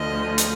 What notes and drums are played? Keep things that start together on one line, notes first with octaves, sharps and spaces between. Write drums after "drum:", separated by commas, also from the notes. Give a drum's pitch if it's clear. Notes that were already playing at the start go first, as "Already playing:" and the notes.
Already playing: D2 D3 F3 D#5
drum: hi-hat